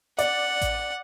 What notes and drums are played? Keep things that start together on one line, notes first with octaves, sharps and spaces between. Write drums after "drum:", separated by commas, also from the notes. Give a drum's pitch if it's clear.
D5 F#5, drum: hi-hat
drum: kick A1, hi-hat